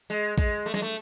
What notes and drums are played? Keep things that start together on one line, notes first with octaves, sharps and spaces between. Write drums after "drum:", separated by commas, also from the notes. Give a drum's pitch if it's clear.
G#3
G#3, drum: kick
A3
G#3, drum: snare
A3